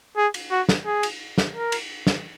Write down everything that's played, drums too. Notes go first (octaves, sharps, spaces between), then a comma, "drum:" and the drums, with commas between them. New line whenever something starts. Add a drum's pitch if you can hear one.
G#4
drum: cymbal
F#4
drum: snare
G#4
drum: cymbal
drum: snare
A#4
drum: cymbal
drum: snare